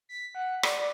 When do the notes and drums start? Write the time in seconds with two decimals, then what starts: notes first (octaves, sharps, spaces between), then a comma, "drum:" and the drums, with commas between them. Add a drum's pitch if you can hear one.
0.09 B6
0.35 F#5
0.63 D5, drum: rim click
0.78 D5